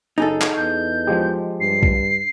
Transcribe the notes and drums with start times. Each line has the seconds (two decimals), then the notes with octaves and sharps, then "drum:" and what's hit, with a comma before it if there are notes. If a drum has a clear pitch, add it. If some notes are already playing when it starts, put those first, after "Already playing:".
0.18 F#1 D#4 G#4 A4
0.41 drum: clap
0.57 E2 G6
1.07 F3 G#3 G4
1.60 G2 C7
1.83 drum: kick